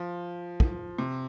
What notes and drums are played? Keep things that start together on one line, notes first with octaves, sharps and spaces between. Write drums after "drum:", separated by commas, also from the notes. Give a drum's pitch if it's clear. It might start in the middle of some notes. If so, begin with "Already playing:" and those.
Already playing: F3
drum: kick
C3